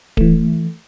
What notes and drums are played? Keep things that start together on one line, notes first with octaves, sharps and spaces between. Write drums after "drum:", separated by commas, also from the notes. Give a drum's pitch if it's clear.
E3 A3, drum: kick D1